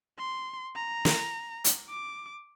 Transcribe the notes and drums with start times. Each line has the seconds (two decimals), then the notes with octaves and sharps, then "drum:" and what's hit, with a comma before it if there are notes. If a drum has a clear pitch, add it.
0.18 C6
0.76 A#5
1.05 drum: snare
1.64 drum: hi-hat
1.89 D6